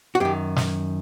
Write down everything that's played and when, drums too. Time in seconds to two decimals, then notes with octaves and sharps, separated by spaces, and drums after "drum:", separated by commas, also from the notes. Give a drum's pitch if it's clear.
0.15 F#4
0.20 F#2 D#3 G4
0.56 drum: snare